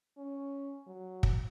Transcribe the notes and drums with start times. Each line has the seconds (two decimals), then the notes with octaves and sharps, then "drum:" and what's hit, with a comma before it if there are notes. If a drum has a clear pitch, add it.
0.18 C#4
0.87 F#3
1.23 drum: kick